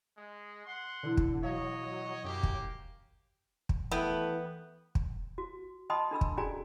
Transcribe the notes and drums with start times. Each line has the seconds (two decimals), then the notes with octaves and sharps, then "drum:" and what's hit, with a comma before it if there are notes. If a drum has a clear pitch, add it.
0.17 G#3
0.66 F#5 C6
1.03 B2 D3 E3 E4
1.17 drum: kick
1.43 F#3 C#5 D#5 F5
2.24 F#2 A#3 G4
2.43 drum: kick
3.69 drum: kick
3.92 E3 A3 B3 G5
4.95 drum: kick
5.38 F#4
5.90 D#5 G5 A5 B5 C6 D#6
6.11 D4 A4 B5 E6
6.21 drum: kick
6.37 C#4 F#4 G#4 D5 G#5 A#5